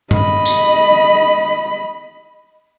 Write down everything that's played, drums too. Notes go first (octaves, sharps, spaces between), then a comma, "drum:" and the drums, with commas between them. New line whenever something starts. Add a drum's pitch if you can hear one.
D#5 B5, drum: tom G2
drum: tambourine